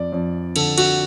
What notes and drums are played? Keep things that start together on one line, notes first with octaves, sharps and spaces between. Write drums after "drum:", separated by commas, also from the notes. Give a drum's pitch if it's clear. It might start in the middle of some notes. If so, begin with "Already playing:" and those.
Already playing: F2 D5
F2
D3 A4, drum: cymbal
F#4, drum: cymbal